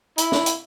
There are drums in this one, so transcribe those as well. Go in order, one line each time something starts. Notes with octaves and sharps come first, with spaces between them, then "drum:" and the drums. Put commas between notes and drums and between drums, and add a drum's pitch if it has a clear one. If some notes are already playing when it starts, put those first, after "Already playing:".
E4, drum: hi-hat
drum: snare
drum: hi-hat